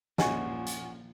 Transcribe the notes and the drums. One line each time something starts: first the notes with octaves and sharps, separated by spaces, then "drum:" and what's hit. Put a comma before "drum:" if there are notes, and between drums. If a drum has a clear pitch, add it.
A#2 F3 G#3 C#4 F#4 F#5 G#5 C#6, drum: snare
drum: hi-hat